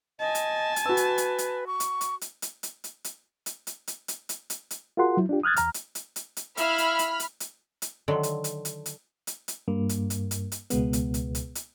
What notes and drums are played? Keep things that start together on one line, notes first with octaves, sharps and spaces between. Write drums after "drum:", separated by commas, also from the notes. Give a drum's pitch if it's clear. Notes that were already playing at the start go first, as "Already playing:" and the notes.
D#5 G#5 A5
drum: hi-hat
drum: hi-hat
F#4 B4 E6
drum: hi-hat
drum: hi-hat
drum: hi-hat
C#6
drum: hi-hat
drum: hi-hat
drum: hi-hat
drum: hi-hat
drum: hi-hat
drum: hi-hat
drum: hi-hat
drum: hi-hat
drum: hi-hat
drum: hi-hat
drum: hi-hat
drum: hi-hat
drum: hi-hat
drum: hi-hat
F4 F#4 G#4 A#4 F#5 C6
F#3 E4
D4 F4 G4
D#6 F6 F#6 G#6 A6
E2 A#5 F6, drum: hi-hat
drum: hi-hat
drum: hi-hat
drum: hi-hat
drum: hi-hat
E4 E5 F5 B5 F6, drum: hi-hat
drum: hi-hat
drum: hi-hat
drum: hi-hat
drum: hi-hat
drum: hi-hat
D3 D#3 F#3 A4 C6
drum: hi-hat
drum: hi-hat
drum: hi-hat
drum: hi-hat
drum: hi-hat
drum: hi-hat
G2 A#3
drum: hi-hat
drum: hi-hat
drum: hi-hat
drum: hi-hat
C#2 B2 G#3 B3, drum: hi-hat
drum: hi-hat
drum: hi-hat
drum: hi-hat
drum: hi-hat